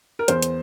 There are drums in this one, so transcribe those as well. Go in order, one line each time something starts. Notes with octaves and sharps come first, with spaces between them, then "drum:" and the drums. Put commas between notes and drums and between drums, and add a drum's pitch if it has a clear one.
A#4
E2 C5, drum: hi-hat
drum: hi-hat